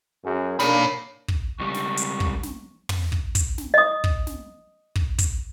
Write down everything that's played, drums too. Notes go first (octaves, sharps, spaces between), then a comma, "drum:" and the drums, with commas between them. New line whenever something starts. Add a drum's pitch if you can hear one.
F#2 G#4
A#3 D4 C#5 B5, drum: snare
drum: kick
C#2 G3 C#6
drum: snare
drum: hi-hat
drum: kick
drum: snare
drum: tom
drum: kick
drum: kick, hi-hat
drum: snare
D#5 D#6
drum: kick
drum: snare
drum: kick
drum: kick, hi-hat